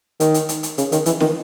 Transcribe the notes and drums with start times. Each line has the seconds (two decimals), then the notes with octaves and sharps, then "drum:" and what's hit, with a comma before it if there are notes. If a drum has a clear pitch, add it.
0.20 D#3, drum: hi-hat
0.34 drum: hi-hat
0.49 drum: hi-hat
0.63 drum: hi-hat
0.78 C#3, drum: hi-hat
0.92 D#3, drum: hi-hat
1.06 E3, drum: hi-hat
1.20 D#3, drum: snare